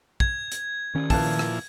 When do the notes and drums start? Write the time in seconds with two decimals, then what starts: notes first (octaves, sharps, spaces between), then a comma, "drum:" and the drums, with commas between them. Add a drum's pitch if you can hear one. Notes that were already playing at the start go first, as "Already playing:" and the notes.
0.20 G#6, drum: kick
0.52 drum: hi-hat
0.95 D#3 C#4
1.10 A#2 F3 E4 B4 F5 A5, drum: kick, open hi-hat
1.39 drum: rim click